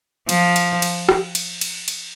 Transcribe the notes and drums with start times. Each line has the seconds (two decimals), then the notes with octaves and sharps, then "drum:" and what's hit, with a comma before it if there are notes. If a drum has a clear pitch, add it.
0.29 F3, drum: cymbal
0.56 drum: cymbal
0.82 drum: cymbal
1.09 drum: rim click
1.35 drum: cymbal
1.61 drum: cymbal
1.88 drum: cymbal